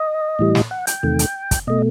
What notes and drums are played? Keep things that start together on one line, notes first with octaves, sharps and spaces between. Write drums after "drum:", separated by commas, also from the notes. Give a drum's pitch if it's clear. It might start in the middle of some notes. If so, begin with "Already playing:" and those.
Already playing: D#5
A2 E3 G3
drum: snare
F#5
G5, drum: hi-hat
E2 C3 D#3 A3
drum: hi-hat
drum: kick, hi-hat
B2 A3 D#5